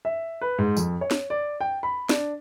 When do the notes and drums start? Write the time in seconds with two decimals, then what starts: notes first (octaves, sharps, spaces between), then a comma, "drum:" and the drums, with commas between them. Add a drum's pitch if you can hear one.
0.05 E5
0.41 B4
0.58 G#2
0.77 F2, drum: tambourine
1.01 C#5
1.11 drum: snare
1.30 D5
1.61 G5
1.83 B5
2.09 D4, drum: snare